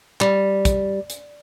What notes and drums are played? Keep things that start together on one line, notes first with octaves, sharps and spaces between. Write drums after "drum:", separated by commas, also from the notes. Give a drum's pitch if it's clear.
G3, drum: clap
drum: kick, hi-hat
drum: hi-hat